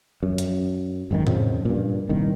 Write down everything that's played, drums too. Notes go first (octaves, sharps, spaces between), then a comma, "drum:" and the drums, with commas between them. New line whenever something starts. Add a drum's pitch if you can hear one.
F#2
drum: hi-hat
G#1 F#2 D3 D#3
F2 C#3 F3, drum: tom A2
G2 A#2
D#1 C2 D#3